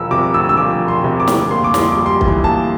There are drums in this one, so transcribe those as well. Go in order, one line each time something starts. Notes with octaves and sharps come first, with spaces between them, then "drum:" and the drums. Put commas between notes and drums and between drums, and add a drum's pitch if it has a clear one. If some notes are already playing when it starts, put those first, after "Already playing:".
Already playing: E1 F3 E6
C3 D6
D2 E6
E6
F3 D6
E1
C6
C3
D6
D2, drum: snare
A#3 C6
D6
F2 C6, drum: snare
D6
G3
C6
E3, drum: kick
A#3 A5